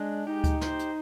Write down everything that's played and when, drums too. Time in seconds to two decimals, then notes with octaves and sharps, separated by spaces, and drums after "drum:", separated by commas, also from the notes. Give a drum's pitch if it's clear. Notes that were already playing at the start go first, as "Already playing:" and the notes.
Already playing: G#3 D4
0.27 D#4 G4
0.44 drum: kick D2, hi-hat
0.61 C5, drum: snare
0.79 drum: hi-hat